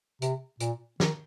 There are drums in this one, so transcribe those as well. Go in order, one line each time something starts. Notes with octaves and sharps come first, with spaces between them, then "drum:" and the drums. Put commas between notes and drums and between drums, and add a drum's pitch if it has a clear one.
C3, drum: hi-hat
A#2, drum: hi-hat
D#3, drum: snare